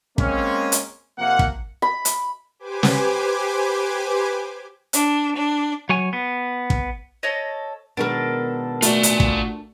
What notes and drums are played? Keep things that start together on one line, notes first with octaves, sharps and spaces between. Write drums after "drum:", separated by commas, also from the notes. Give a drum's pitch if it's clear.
G#3 A#3 C4 C#4, drum: kick
drum: hi-hat
C3 F3 A#3 F#5
drum: kick
B5
drum: hi-hat
G4 B4 C5 G#5 D6
drum: snare
D4, drum: hi-hat
D4
F#3 C#5 G#5
B3
drum: kick
A4 C#5 D#5
B2 D#3 G#3 D4 A4 A#4
A3 F4 F#4 D5, drum: hi-hat
drum: hi-hat
drum: kick